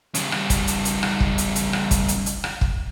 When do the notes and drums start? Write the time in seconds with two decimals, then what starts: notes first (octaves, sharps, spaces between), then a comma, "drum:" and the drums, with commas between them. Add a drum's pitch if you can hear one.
0.15 C#3 G3, drum: hi-hat
0.32 drum: rim click
0.50 drum: kick, hi-hat
0.67 drum: hi-hat
0.85 drum: hi-hat
1.03 drum: rim click
1.20 drum: kick
1.38 drum: hi-hat
1.56 drum: hi-hat
1.73 drum: rim click
1.91 drum: kick, hi-hat
2.08 drum: hi-hat
2.26 drum: hi-hat
2.44 drum: rim click
2.61 drum: kick